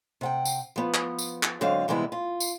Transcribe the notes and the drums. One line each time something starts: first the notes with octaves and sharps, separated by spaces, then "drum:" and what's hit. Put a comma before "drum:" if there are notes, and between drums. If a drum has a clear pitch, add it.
C3 F#5 G5
drum: tambourine
F3 B3
drum: clap
drum: tambourine
drum: clap
G#2 D3 F#3 C4 F5
C3 E3 G3 G#3 B3 E4
F4
drum: tambourine